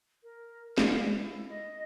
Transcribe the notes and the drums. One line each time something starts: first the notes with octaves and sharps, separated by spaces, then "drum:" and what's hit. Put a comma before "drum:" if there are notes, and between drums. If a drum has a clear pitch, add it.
A#4
F5, drum: snare
E4
D#5